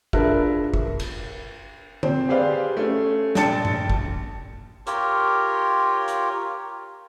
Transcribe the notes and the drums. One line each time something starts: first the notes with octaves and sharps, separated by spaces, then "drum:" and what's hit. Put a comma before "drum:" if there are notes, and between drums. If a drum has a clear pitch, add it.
D4 F4 G#4 A#4 B4 E5, drum: kick
drum: kick
drum: cymbal
C4, drum: tom D3
G4 G#4 B4 C5 D5 F5
A3 C#4
A#1 G5 A5 A6 C#7, drum: snare
drum: tom G2
drum: kick
F4 G4 A#4 C#5, drum: hi-hat
drum: hi-hat